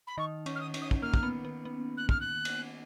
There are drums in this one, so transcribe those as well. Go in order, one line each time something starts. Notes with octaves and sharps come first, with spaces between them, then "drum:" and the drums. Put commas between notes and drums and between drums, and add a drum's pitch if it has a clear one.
B5
D#3 D#4 C#6
C#4, drum: cymbal
F6
D#6
C#4, drum: cymbal
D#6
drum: kick
A#3 F6
drum: kick
B3
B3
B3
F#6
F6, drum: kick
F#6
drum: cymbal